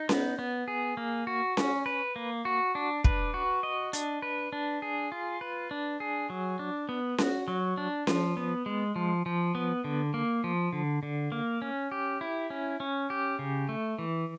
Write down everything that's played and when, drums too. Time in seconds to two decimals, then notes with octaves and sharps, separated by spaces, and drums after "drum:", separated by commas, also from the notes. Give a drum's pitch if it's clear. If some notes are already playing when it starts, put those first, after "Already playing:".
Already playing: D#4
0.09 B3, drum: snare C#4
0.39 B3
0.68 G#4
0.97 A#3
1.27 F#4
1.57 C#4, drum: snare C#4
1.86 B4
2.16 A#3
2.45 F#4
2.75 D4
3.04 B4, drum: kick
3.34 F#4
3.63 D#5
3.93 D4, drum: hi-hat
4.22 B4
4.53 D4
4.82 G#4
5.12 F4
5.41 B4
5.71 D4
6.00 G#4
6.30 F#3
6.59 D4
6.89 B3
7.18 F#4, drum: snare C#4
7.48 F#3
7.77 D4
8.07 F3, drum: snare C#4
8.37 B3
8.66 G#3
8.96 F3
9.26 F3
9.55 B3
9.84 D3
10.14 A#3
10.44 F3
10.73 D3
11.03 D3
11.32 A#3
11.62 C#4
11.91 G4
12.21 E4
12.50 C#4
12.80 C#4
13.10 G4
13.39 C#3
13.69 A3
13.99 E3